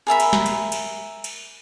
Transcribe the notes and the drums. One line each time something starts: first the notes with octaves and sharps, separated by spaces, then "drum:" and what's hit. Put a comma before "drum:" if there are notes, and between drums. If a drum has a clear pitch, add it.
G#4 A#4 E5 B5
drum: cymbal
drum: snare
drum: cymbal
drum: cymbal
drum: cymbal